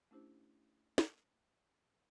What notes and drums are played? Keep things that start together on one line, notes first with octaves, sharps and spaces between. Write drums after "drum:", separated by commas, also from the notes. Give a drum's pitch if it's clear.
A3 C#4 D4 E4 G4 C5
drum: snare